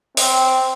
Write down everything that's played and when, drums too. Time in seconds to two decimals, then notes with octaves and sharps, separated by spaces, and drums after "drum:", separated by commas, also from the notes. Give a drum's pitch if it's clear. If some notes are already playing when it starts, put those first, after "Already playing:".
0.17 C4, drum: open hi-hat